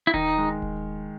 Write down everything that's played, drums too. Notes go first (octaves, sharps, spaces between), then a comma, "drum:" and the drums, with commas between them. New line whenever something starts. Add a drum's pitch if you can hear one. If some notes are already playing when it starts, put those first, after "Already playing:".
E4
D#3 D#4, drum: kick D#1
G#3
drum: kick D#1